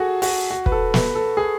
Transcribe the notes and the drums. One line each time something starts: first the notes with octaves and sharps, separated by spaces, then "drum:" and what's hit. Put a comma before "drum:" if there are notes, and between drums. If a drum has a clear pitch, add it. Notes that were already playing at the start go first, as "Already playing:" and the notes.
Already playing: F#4 G#4 A4
F#4, drum: open hi-hat
F#4
B4, drum: kick
A4
B4, drum: snare
A4
G#4